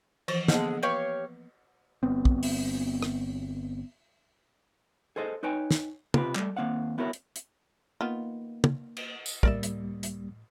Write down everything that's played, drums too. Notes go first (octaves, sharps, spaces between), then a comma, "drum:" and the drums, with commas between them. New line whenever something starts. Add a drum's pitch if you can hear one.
E3 F3, drum: cymbal
D3 G#3 A#3 B3 D#5, drum: snare
G4 B4 C#5 F5
G1 B3 C4
drum: kick
drum: open hi-hat
drum: rim click
G#4 A4 C5 D#5
D#4 B4 C#5 G5 G#5
drum: snare
C3 F4 G4 B4, drum: tom
G3 A3, drum: clap
D#2 G#3 A#3 C4 F5 F#5
B3 E4 F#4 A#4 B4 C#5
drum: hi-hat
drum: hi-hat
D#3 A#3 B3 F4
drum: tom
drum: cymbal
drum: tambourine
C#2 A2 G3 A#3 A#4 D5 E5, drum: kick
drum: hi-hat
drum: hi-hat